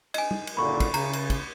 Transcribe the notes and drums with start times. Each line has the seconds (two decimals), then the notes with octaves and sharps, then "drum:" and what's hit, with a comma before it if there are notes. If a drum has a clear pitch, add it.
0.14 D#5 G#5, drum: cymbal
0.31 drum: tom
0.47 drum: cymbal
0.57 F#1 A#2 D3 B5 C#6
0.80 drum: kick, cymbal
0.94 C#3 A#5, drum: cymbal
1.13 drum: cymbal
1.30 drum: kick, cymbal